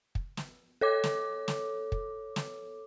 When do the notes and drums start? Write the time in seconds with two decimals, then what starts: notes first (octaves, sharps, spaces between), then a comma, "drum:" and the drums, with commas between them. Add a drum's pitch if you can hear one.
0.15 drum: kick
0.37 drum: snare
0.81 A4 C#5 D6
1.04 drum: snare
1.48 drum: snare
1.92 drum: kick
2.36 drum: snare